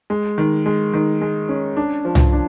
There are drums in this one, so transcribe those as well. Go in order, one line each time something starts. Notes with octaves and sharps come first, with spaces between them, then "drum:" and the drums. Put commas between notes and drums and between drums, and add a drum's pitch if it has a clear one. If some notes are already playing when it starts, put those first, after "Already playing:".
G#3
D#3
G#3
D#3
G#3
C#4
D4
F3
drum: tom C2
D4